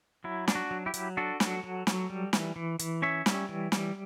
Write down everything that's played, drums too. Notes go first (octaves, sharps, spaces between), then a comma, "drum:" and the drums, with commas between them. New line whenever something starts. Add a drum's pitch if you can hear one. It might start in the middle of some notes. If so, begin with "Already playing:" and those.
F#3 E4
D4, drum: snare
F#4
F#3
E4 G4
F#3, drum: hi-hat
D4 F#4 A4
F#3, drum: snare
F#3
F#3, drum: snare
G3
E3, drum: snare
E3
E3, drum: hi-hat
C#4 C#5 E5
G3, drum: snare
E3
G3, drum: snare